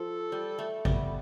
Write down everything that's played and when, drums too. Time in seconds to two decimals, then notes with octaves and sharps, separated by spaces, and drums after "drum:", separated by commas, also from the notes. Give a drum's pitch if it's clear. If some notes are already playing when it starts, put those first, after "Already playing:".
Already playing: F3 A4
0.32 G3
0.59 A3
0.85 G3 B3, drum: kick G#1